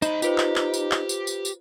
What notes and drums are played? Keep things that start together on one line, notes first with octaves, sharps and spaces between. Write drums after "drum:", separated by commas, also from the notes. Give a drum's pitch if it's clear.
D#4 C5 B5, drum: tambourine
F4 G4 B4 C5, drum: tambourine
drum: clap
drum: clap
drum: tambourine
drum: clap
drum: tambourine
drum: tambourine
drum: tambourine